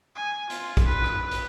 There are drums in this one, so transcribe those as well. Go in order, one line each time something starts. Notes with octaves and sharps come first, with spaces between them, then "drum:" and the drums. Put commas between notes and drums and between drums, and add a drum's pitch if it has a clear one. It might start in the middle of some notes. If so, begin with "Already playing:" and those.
G#5
F4, drum: hi-hat
drum: kick, hi-hat
B4
drum: rim click
drum: hi-hat